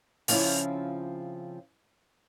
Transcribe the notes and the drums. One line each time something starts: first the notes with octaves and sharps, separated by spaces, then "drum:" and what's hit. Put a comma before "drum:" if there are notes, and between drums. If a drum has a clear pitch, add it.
C#3 F3 C4 C#4 E4 F4, drum: open hi-hat